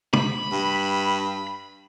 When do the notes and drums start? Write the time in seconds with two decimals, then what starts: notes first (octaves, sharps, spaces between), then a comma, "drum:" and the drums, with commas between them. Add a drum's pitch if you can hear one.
0.13 B5, drum: tom
0.52 G2